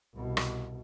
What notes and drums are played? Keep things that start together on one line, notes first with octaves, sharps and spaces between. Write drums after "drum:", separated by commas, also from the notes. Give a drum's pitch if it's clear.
C2 B2
drum: rim click